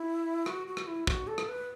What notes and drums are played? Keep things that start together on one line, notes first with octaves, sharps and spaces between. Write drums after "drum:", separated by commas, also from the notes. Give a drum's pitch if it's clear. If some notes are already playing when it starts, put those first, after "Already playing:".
Already playing: E4
F#4, drum: rim click
F#4
drum: rim click
E4
F#4, drum: kick
A4
drum: rim click
B4